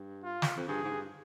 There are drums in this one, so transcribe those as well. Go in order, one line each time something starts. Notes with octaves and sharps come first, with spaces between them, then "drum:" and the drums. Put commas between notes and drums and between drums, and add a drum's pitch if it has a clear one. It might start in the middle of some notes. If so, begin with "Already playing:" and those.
Already playing: G2
F4
drum: snare
F2
G2 G#4
G#2
G2